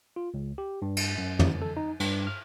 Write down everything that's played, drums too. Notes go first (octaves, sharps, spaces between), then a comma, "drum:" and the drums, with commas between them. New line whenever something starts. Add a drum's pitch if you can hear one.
F4
C#2
G4
G2
drum: cymbal
F#2
drum: tom
A4
D#4
G2, drum: cymbal
F6